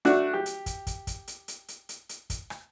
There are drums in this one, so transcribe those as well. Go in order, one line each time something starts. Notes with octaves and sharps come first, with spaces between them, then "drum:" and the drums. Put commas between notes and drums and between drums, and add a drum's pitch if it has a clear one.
A3 D4 F#4, drum: rim click
G4
drum: hi-hat
drum: kick, hi-hat
drum: kick, hi-hat
drum: kick, hi-hat
drum: hi-hat
drum: hi-hat
drum: hi-hat
drum: hi-hat
drum: hi-hat
drum: kick, hi-hat
drum: rim click